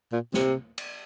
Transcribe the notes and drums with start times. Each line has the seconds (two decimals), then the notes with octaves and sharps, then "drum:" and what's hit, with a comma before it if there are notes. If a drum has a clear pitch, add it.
0.12 A#2
0.34 C3, drum: snare
0.78 drum: cymbal